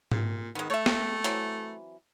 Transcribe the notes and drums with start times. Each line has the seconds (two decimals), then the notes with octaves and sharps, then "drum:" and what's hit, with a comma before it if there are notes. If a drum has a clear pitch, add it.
0.11 A#2, drum: tom G#2
0.55 D#3 G#3 B3
0.70 A3 C#5 E5
0.86 drum: snare
1.24 E3 F#3 C4, drum: hi-hat